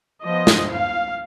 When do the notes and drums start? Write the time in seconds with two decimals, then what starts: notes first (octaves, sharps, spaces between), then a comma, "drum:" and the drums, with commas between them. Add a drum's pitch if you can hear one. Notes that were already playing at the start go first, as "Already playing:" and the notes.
0.24 F3 B3 D#5
0.47 drum: snare
0.70 F5